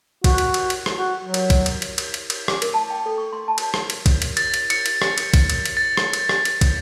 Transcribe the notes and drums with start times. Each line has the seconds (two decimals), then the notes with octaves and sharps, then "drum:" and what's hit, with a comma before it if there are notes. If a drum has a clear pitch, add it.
0.24 F#4, drum: kick, cymbal
0.38 drum: cymbal
0.54 drum: cymbal
0.70 drum: cymbal
0.86 drum: rim click
0.97 F#4
1.24 F#3
1.34 drum: cymbal
1.50 drum: kick, cymbal
1.66 drum: cymbal
1.82 drum: cymbal
1.98 drum: cymbal
2.14 drum: cymbal
2.30 drum: cymbal
2.48 D6, drum: rim click
2.62 A#4, drum: cymbal
2.74 A5
2.90 G5
3.06 A4
3.18 C#6
3.33 C6
3.48 A5
3.58 drum: cymbal
3.74 drum: rim click
3.90 drum: cymbal
4.06 drum: kick, cymbal
4.22 drum: cymbal
4.37 A6, drum: cymbal
4.54 drum: cymbal
4.70 C#7, drum: cymbal
4.86 drum: cymbal
5.02 drum: rim click
5.18 drum: cymbal
5.34 drum: kick, cymbal
5.50 drum: cymbal
5.65 drum: cymbal
5.77 A6
5.97 drum: rim click
6.13 drum: cymbal
6.29 drum: rim click
6.45 drum: cymbal
6.61 drum: kick, cymbal